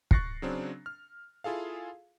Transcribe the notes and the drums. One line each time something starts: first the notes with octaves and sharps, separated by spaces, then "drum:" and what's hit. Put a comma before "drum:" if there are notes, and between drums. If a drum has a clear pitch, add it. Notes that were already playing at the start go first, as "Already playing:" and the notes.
C#6 F#6 A6 A#6 C7 C#7, drum: kick
C#3 F#3 C4 D4
F6
E4 F4 G#4 A4 F5